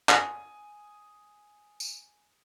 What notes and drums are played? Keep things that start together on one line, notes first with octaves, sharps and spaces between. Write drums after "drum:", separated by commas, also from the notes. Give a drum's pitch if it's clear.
G#5 D#6, drum: clap
drum: tambourine